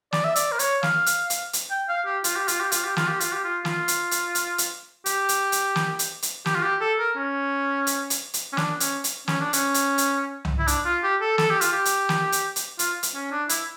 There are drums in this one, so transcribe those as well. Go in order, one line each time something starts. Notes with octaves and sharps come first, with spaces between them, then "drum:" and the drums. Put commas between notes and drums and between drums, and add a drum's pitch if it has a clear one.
D5, drum: snare
E5
D5, drum: hi-hat
A#4
C#5, drum: hi-hat
F5, drum: snare
drum: hi-hat
drum: hi-hat
drum: hi-hat
G5
F5
G4
F4, drum: hi-hat
G4
F4, drum: hi-hat
G4
F4, drum: hi-hat
G4
F4, drum: snare
G4
F4, drum: hi-hat
G4
F4
F4, drum: snare
drum: hi-hat
drum: hi-hat
drum: hi-hat
drum: hi-hat
G4, drum: hi-hat
drum: hi-hat
drum: hi-hat
drum: snare
drum: hi-hat
drum: hi-hat
G4, drum: snare
F4
G4
A4
A#4
C#4
drum: hi-hat
drum: hi-hat
drum: hi-hat
C#4
D4, drum: snare
C#4, drum: hi-hat
drum: hi-hat
C#4, drum: snare
D4
C#4, drum: hi-hat
drum: hi-hat
drum: hi-hat
drum: tom C2
E4
D4, drum: hi-hat
F4
G4
A4
A4, drum: snare
G4
F4, drum: hi-hat
G4
drum: hi-hat
drum: snare
drum: hi-hat
drum: hi-hat
F4, drum: hi-hat
drum: hi-hat
C#4
D4
E4, drum: hi-hat